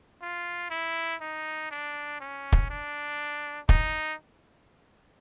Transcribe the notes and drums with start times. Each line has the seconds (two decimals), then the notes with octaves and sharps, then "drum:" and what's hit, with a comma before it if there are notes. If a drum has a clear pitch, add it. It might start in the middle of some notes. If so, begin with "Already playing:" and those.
0.21 F4
0.70 E4
1.21 D#4
1.71 D4
2.20 C#4
2.52 drum: kick
2.70 D4
3.69 D#4, drum: kick